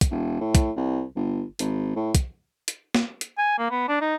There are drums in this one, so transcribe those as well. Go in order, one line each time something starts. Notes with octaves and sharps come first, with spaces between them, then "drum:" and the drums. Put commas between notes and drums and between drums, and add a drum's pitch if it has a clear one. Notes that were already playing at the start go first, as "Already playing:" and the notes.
drum: kick, hi-hat
E1
A2
drum: kick, hi-hat
C2
G1
G#1, drum: hi-hat
A2
drum: kick, hi-hat
drum: hi-hat
drum: snare
drum: hi-hat
G#5
A#3
B3
D4
D#4